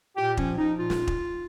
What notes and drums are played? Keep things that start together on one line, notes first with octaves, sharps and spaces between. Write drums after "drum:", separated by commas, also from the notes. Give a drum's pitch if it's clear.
A#2 G4
F3 C#4, drum: kick
F3 D#4
A#2 F4
drum: snare
drum: kick